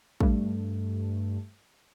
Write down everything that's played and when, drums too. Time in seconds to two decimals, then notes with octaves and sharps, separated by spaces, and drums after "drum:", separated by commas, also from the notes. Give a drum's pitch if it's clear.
0.20 G2 A3, drum: kick